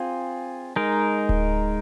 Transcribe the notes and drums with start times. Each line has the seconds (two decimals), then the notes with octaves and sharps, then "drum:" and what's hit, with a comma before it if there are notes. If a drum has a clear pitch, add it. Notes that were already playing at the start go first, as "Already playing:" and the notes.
Already playing: C4 F4 G#4
0.76 G#3 D#4 A#4
1.29 drum: kick D1